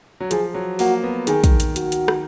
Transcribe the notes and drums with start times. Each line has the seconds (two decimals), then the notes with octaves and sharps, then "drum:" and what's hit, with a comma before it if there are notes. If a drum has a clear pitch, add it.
0.20 F#3
0.31 F3 G#4, drum: hi-hat
0.54 F#3
0.79 A#3 F#4, drum: open hi-hat
1.03 B3
1.27 D#3 G#4, drum: hi-hat
1.44 drum: kick, hi-hat
1.60 drum: hi-hat
1.76 F#4, drum: hi-hat
1.92 drum: hi-hat
2.08 drum: rim click